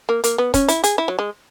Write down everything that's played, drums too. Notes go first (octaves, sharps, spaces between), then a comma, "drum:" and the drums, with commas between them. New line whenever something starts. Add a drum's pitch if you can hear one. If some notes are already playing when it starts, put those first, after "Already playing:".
A#3
A#3, drum: hi-hat
B3
C#4, drum: kick, hi-hat
E4, drum: hi-hat
G#4, drum: hi-hat
E4
F#3
G#3